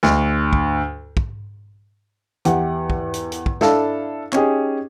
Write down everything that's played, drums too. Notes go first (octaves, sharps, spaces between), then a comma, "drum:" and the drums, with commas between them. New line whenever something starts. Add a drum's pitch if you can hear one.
D2, drum: snare
drum: kick
drum: kick
E2 E3 G4 F#5, drum: hi-hat
drum: kick
drum: hi-hat
drum: hi-hat
drum: kick
D4 E4 A4 F5, drum: snare
C#4 D#4 G4 G#4, drum: clap